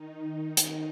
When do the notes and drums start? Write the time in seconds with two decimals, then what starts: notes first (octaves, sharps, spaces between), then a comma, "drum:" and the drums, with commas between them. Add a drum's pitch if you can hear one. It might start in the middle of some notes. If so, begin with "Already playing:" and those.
Already playing: D#3 D#4
0.57 D#3 D#4, drum: hi-hat